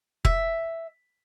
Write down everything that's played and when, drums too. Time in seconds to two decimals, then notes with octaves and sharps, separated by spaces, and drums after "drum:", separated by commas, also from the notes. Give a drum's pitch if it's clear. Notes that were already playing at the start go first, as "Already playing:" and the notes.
0.25 E5, drum: kick F1